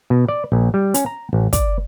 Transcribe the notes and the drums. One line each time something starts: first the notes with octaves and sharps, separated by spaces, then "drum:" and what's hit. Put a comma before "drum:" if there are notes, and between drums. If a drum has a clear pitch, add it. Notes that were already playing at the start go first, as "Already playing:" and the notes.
B2
D5
A#1
G3
C#4, drum: hi-hat
A#5
A1
D5, drum: kick, hi-hat